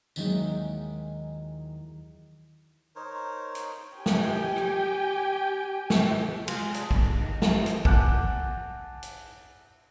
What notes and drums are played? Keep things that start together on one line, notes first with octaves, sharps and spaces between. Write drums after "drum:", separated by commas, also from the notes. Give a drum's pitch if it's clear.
D#2 D#3 E3 F#3 G#3 D#4, drum: tambourine
D#4 A#4 C5 C#5
drum: hi-hat
G4 G5 G#5
drum: snare
drum: rim click
drum: snare
G#3 F4 G#4, drum: cymbal
D4 G#4, drum: hi-hat
E2 D3, drum: kick
D#3
C3, drum: snare
drum: hi-hat
F#5 G#5 A5 D6 F#6 G6, drum: kick
drum: hi-hat